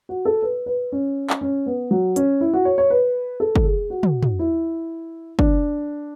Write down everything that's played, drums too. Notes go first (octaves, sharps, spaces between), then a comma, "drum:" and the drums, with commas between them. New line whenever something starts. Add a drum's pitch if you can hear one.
F#4
A4
B4
B4
C#4
drum: clap
C#4
B3
F#3
C#4, drum: hi-hat
E4
F#4
C#5
C#5
B4
A4
drum: kick
G#4
F#4
drum: tom
drum: tom
E4
D4, drum: kick